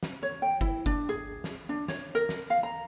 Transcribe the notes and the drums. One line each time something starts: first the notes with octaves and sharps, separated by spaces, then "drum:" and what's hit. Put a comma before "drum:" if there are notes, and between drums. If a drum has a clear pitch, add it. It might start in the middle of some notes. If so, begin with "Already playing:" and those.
drum: snare
C#5
G5
E4, drum: kick G1
D4, drum: kick G1
G#4
drum: snare
D4
C#5, drum: snare
A#4
drum: snare
F5
A#5